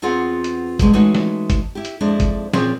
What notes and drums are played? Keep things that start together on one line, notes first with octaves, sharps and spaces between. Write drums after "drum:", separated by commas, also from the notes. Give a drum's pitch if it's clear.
E2 B3 C4 F4 G#4 F#5
drum: hi-hat
G2 B2 G#3, drum: kick G1, hi-hat
E3 G#3 A3 C#4 D#4 F#4
drum: snare
drum: kick G1, hi-hat
E4 G4
drum: hi-hat
F2 G#3 D4 E4
drum: kick G1, hi-hat
A#2 F3 C4 C#4 G#4 G5, drum: snare